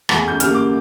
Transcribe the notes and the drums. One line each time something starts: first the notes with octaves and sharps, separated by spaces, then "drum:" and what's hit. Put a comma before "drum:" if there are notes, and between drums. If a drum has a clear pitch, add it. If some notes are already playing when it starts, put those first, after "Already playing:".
E2 E3 A3, drum: rim click
G6
D3 G3 A#3 F6, drum: hi-hat
D6